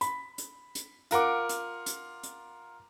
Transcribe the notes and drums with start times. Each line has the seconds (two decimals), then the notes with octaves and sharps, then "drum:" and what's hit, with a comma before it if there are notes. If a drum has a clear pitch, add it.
0.01 B5, drum: hi-hat
0.38 drum: hi-hat
0.75 drum: hi-hat
1.11 F4 A#4 F#5 D6, drum: hi-hat
1.49 drum: hi-hat
1.86 drum: hi-hat
2.23 drum: hi-hat